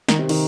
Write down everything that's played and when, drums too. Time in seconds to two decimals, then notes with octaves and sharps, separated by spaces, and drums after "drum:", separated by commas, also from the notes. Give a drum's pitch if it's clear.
0.08 D#3 D#4, drum: snare
0.19 C3 C4
0.29 D#3 D#4, drum: cymbal